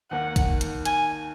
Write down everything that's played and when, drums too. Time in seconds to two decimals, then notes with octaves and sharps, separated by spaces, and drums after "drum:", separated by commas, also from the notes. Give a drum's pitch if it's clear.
0.11 D#2 D#3 A#3 F#5
0.36 drum: kick, hi-hat
0.61 drum: hi-hat
0.85 G#5, drum: hi-hat